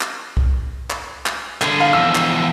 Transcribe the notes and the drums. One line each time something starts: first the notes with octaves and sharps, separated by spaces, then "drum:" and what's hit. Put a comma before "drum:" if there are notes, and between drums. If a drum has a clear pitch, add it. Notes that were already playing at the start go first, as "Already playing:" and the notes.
drum: clap
drum: kick C2
drum: clap
drum: clap
D3 G#4, drum: clap
F5
E2 F3 E6
drum: clap